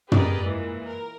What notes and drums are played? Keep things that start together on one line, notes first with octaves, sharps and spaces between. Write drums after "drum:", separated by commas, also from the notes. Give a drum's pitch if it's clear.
G4 G#4 A#4 B4 D5 D#5, drum: tom
A#2 E3 G#3
A#4